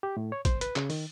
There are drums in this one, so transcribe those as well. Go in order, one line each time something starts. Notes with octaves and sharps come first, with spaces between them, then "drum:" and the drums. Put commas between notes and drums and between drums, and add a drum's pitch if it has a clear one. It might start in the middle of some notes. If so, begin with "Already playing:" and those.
G4
A2
C#5
C5, drum: kick, hi-hat
B4, drum: hi-hat
C#3, drum: clap
D#3, drum: open hi-hat